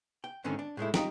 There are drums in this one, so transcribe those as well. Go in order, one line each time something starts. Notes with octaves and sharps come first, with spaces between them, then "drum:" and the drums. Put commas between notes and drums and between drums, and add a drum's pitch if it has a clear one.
G5
G#2 D3 D#3 C4 C#4
D4
A2 G#3 A3 E4
G3 D#4 F4 G5 A#5, drum: snare